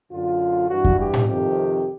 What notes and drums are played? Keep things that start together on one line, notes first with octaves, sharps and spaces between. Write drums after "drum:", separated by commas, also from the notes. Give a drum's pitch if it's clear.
F#2 D3 F4
G2 E3 F#4
drum: kick F2
G4
drum: tom A2
F2 C3 D#3 G4